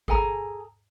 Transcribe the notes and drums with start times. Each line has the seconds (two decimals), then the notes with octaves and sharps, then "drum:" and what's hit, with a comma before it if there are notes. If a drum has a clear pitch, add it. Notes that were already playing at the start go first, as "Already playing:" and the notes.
0.08 G#4 A4 G#5 A#5, drum: kick G#1